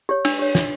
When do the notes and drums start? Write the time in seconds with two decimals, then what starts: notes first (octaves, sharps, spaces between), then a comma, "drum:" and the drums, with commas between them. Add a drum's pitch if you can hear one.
0.09 G4 C#5
0.25 D4 E6, drum: cymbal
0.39 G4 C#5
0.55 D4, drum: snare